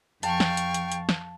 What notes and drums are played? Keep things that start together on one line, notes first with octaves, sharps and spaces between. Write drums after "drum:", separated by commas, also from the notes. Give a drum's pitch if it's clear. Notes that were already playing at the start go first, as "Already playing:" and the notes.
F2 F5 G5 A5 C#6, drum: hi-hat
drum: snare
drum: hi-hat
drum: hi-hat
drum: hi-hat
drum: snare